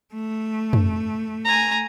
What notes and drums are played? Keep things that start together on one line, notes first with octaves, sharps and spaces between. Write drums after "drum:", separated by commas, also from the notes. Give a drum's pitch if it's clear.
A3
drum: tom
G#5 A#5